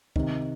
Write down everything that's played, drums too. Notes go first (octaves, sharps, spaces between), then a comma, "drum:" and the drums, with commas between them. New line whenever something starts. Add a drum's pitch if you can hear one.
C3 D#3, drum: kick C2